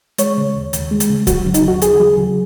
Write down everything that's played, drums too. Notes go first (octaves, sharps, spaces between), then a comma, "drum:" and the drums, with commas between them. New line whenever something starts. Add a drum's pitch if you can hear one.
G#3 C#5, drum: hi-hat
C#3
D#2
D#2, drum: hi-hat
G#3
drum: hi-hat
C#3
F#3 F#4, drum: kick C#1, hi-hat
C#3
D#4, drum: hi-hat
D#2 F#4
D#2 G#4, drum: hi-hat
F#3
C#3